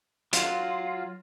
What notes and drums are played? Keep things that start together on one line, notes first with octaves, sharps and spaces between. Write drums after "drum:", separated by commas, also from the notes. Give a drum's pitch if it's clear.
F#3 F4, drum: hi-hat